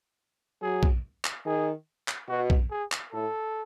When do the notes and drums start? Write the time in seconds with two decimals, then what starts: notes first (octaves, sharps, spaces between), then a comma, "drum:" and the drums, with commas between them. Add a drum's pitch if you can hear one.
0.62 F#3 G#4
0.83 drum: kick A#1
1.25 drum: clap
1.46 D#3 G#4
2.08 drum: clap
2.29 B2 F#4
2.50 drum: kick A#1
2.71 G#4
2.92 drum: clap
3.12 A2 A4